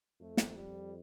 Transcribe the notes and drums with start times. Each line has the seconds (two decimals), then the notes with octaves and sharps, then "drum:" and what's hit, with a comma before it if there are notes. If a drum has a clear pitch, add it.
0.21 F2 A3
0.37 drum: snare
0.56 G3